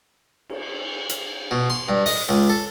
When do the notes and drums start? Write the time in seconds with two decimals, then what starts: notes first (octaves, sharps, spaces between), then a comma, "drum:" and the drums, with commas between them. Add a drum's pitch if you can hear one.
0.49 drum: cymbal
1.09 drum: hi-hat
1.51 B2
1.70 C6
1.89 G2
2.06 D#5, drum: open hi-hat
2.29 C#2
2.49 A4